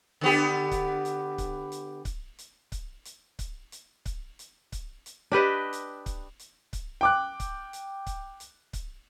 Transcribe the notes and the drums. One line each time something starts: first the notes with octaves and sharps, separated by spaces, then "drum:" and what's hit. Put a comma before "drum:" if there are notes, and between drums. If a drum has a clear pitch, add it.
D3 B3 G4
drum: kick C#1, hi-hat
drum: hi-hat
drum: kick C#1, hi-hat
drum: hi-hat
drum: kick C#1, hi-hat
drum: hi-hat
drum: kick C#1, hi-hat
drum: hi-hat
drum: kick C#1, hi-hat
drum: hi-hat
drum: kick C#1, hi-hat
drum: hi-hat
drum: kick C#1, hi-hat
drum: hi-hat
D4 G4 B4 D#5
drum: hi-hat
drum: kick C#1, hi-hat
drum: hi-hat
drum: kick C#1, hi-hat
G5 D6 F#6
drum: kick C#1, hi-hat
drum: hi-hat
drum: kick C#1, hi-hat
drum: hi-hat
drum: kick C#1, hi-hat